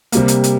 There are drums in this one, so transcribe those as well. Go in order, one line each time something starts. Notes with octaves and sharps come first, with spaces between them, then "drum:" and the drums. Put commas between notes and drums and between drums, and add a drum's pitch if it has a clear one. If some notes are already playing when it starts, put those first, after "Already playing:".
C3 G3 A#3, drum: hi-hat
drum: hi-hat
drum: hi-hat